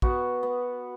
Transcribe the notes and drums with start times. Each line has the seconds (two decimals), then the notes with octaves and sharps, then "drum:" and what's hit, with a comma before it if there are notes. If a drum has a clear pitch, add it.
0.02 B3 F#4, drum: kick
0.43 B3